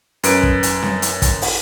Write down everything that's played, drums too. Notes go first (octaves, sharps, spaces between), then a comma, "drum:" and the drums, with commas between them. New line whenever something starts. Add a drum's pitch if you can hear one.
F#2 B4 D7, drum: hi-hat
drum: kick
drum: hi-hat
drum: snare C4
drum: hi-hat
drum: kick, hi-hat
drum: open hi-hat